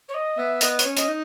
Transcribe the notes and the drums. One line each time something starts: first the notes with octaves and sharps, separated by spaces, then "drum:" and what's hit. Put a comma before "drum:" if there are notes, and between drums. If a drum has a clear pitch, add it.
C#5
D#5
B3 E5
B3 D#5, drum: hi-hat
C#5, drum: hi-hat
C#4
D#5, drum: hi-hat
D#4